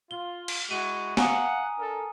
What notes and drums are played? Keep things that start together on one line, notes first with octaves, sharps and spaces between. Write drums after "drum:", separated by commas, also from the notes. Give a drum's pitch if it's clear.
F4 G7
drum: cymbal
G#3 E4 F#4 D#7
F5 F#5 G#5 A#5 D#6, drum: snare
D4 A4 A#4